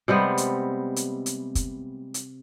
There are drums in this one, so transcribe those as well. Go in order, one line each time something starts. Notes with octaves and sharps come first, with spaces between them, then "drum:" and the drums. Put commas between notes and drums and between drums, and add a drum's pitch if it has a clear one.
C3 G3 G#3 B3
drum: hi-hat
drum: hi-hat
drum: hi-hat
drum: kick, hi-hat
drum: hi-hat